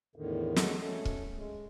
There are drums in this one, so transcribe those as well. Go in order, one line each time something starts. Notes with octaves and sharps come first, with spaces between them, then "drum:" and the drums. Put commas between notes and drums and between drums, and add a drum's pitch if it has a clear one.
E2 A2 D3 D#3
F#3 G#3 F#4 A4, drum: snare
A3 C#4 A4
drum: kick
G#3